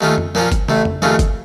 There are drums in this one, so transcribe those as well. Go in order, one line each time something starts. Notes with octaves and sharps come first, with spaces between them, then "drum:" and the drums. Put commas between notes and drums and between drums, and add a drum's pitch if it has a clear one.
D#2 D#3 A3 C#4 F4
drum: tom
A#2 F3 A#3 C#4 F4, drum: tom F3
drum: kick G1, hi-hat
A1 A2 A3, drum: tom
drum: tom
D#2 C#3 A3 C#4 F4, drum: tom F3
drum: kick G1, hi-hat